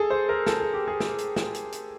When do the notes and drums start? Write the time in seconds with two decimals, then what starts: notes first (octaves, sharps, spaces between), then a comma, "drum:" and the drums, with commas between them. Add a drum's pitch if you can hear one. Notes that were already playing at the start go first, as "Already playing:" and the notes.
Already playing: G#4 A4
0.10 C5
0.29 A#4
0.46 A4, drum: snare
0.60 G#4
0.74 G4
0.88 G#4
1.00 drum: snare
1.18 drum: hi-hat
1.36 drum: snare
1.54 drum: hi-hat
1.72 drum: hi-hat